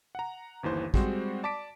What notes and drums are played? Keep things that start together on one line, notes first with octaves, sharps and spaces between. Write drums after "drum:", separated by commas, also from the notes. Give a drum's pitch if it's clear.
F#5 A#5
G1 D#2 E3 C5
G3 G#3 C4 F#4 C5, drum: kick
D5 A5 D6 B6 D7